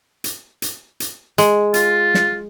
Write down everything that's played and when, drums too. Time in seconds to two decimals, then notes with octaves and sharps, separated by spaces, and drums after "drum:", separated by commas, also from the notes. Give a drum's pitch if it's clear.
0.24 drum: hi-hat
0.62 drum: hi-hat
1.00 drum: hi-hat
1.38 G#3, drum: hi-hat
1.74 F4, drum: hi-hat
2.14 drum: snare